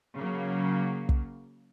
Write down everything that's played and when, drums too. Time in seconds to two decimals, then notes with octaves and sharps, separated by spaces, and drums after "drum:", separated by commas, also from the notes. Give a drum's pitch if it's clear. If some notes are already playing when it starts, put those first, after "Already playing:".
0.16 C#3 F#3 A#3
1.09 drum: kick